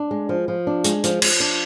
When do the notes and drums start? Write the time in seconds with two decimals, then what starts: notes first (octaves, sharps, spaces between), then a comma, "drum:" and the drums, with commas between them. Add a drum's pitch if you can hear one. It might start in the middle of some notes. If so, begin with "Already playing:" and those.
Already playing: D4
0.11 G#3
0.29 F3
0.48 F3
0.67 D4
0.84 G#3, drum: hi-hat
1.04 F3, drum: hi-hat
1.22 F3, drum: cymbal
1.40 D4